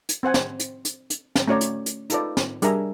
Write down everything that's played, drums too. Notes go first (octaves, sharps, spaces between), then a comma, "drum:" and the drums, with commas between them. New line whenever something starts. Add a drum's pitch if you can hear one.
drum: hi-hat
C4 C5 F#5 G#5
drum: snare
drum: hi-hat
drum: hi-hat
drum: hi-hat
drum: snare
A3 C#4 F#4 C#5 D5 A#5
drum: hi-hat
drum: hi-hat
D#4 F4 A4 B4 D5, drum: hi-hat
drum: snare
G3 D4 G#4 A#4 E5 A#5, drum: hi-hat